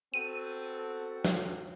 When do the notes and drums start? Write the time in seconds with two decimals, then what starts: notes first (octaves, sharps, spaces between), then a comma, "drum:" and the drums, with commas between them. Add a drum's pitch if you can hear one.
0.14 B3 C4 F#4 A4 D#7
1.25 drum: snare